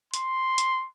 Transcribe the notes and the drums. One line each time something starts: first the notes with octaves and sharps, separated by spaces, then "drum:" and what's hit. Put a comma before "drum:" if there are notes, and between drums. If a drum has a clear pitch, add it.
C6, drum: hi-hat
drum: hi-hat